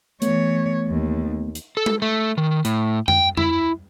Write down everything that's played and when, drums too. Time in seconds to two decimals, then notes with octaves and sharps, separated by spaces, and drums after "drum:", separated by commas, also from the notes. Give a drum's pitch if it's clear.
0.22 E3 A3 B3 C#5, drum: hi-hat
0.87 D#2
1.55 drum: hi-hat
1.77 A4
1.86 drum: tom G#3
2.02 A3
2.38 D#3
2.65 A2, drum: hi-hat
3.08 G5, drum: tom F2
3.37 E4, drum: tom F2